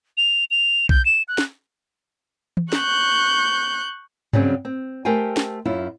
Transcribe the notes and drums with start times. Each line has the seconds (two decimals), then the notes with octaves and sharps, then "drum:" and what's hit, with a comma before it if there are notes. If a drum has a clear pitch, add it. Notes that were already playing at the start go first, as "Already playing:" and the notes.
0.17 F7
0.51 F7
0.89 G6, drum: kick B1
1.05 E7
1.28 F#6
1.38 drum: snare
2.57 drum: tom E3
2.73 C#6 F#6 G6, drum: snare
4.33 C#3 F#3 G3 C4 C#4 G#4, drum: tom G2
4.65 C4
5.05 A3 G4 A#4 C5 G5 G#5
5.37 drum: snare
5.65 F#2 E4 F4